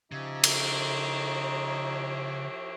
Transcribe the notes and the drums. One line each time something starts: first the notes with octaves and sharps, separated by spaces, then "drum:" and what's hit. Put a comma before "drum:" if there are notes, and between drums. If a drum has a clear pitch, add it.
C#3 F3 D#4 G4 E5
drum: cymbal